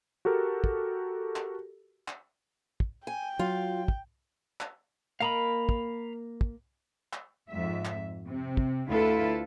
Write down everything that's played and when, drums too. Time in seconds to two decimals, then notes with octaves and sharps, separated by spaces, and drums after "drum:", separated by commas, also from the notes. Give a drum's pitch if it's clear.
0.25 F#4 G4 A4 A#4
0.64 drum: kick
1.36 drum: clap
2.08 drum: clap
2.80 drum: kick
3.07 G5 G#5
3.39 F#3 F4 F5
3.88 drum: kick
4.61 drum: clap
5.20 A#3 A#4 D#5 F5 A#5 B5
5.69 drum: kick
6.41 drum: kick
7.13 drum: clap
7.49 F2 G#2 E5
7.85 drum: clap
8.26 C3 C4
8.57 drum: kick
8.90 D2 E4 F4 A4 B4